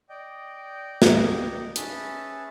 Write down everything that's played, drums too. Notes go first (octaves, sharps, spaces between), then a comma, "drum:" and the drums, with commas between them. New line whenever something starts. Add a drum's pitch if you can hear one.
D5 D#5 G5
drum: snare
C#4 G#4 B4 C#5 E5 A5, drum: hi-hat